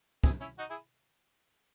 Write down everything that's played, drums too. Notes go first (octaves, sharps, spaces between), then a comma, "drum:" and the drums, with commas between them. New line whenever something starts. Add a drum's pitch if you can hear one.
E4 G#4, drum: kick
C#4 E4
D#4 F#4
E4 G#4